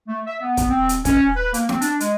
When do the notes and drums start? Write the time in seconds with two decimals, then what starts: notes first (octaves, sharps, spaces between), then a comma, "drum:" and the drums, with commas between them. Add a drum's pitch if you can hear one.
0.08 A3
0.27 E5
0.42 B3
0.57 drum: kick, hi-hat
0.70 C4
0.89 drum: hi-hat
1.05 C#4, drum: kick, hi-hat
1.37 B4
1.54 A#3, drum: hi-hat
1.69 C4, drum: snare
1.82 D4, drum: hi-hat
2.00 G#3, drum: hi-hat